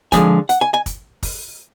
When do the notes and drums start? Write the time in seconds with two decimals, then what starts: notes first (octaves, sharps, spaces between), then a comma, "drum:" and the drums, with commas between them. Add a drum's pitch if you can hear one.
0.12 D3 F3 G#3 G#5, drum: kick, hi-hat
0.49 F#5, drum: hi-hat
0.61 G#5
0.74 G#5
0.86 drum: kick, hi-hat
1.23 drum: kick, open hi-hat